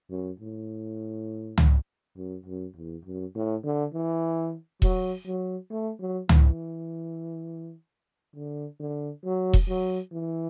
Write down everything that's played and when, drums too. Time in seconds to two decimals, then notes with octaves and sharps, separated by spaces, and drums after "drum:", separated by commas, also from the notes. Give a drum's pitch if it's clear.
0.10 F#2
0.39 A2
1.58 drum: tom
2.17 F#2
2.46 F#2
2.76 E2
3.05 F#2
3.35 A2
3.64 D3
3.93 E3
4.82 F#3, drum: kick E1
5.26 F#3
5.70 A3
6.00 F#3
6.29 E3, drum: tom
8.35 D3
8.80 D3
9.24 F#3
9.53 drum: kick E1
9.68 F#3
10.12 E3